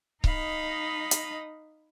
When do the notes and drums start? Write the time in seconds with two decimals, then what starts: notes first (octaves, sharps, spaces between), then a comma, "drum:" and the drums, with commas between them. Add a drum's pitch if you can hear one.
0.24 D#4 D#5 F5 B5, drum: kick C#1
1.11 drum: hi-hat